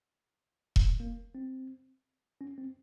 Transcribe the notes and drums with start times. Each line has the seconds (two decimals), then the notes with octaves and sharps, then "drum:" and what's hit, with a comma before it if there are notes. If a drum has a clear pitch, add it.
0.76 drum: kick E1
1.00 A#3
1.35 C4
2.41 C#4
2.58 C4